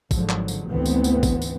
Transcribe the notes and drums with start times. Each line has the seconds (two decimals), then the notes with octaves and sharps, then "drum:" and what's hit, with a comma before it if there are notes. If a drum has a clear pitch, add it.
0.11 G#1 D3 F3 F#3, drum: kick G#1, tambourine
0.30 drum: clap
0.48 drum: tambourine
0.69 G#1 D2 E3 B3 C4
0.86 drum: tambourine
1.04 drum: tambourine
1.23 drum: kick G#1, tambourine
1.42 drum: tambourine